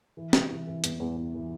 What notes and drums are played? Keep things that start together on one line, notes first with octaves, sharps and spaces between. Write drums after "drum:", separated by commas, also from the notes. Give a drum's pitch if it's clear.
E3
C3, drum: snare
E3
E3
E2, drum: hi-hat
E2
E2
E3